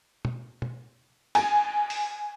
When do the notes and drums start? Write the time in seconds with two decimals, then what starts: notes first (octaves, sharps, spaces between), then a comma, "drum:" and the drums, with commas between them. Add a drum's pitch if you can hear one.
0.25 drum: tom
0.62 drum: tom
1.35 G#5, drum: cymbal
1.90 drum: open hi-hat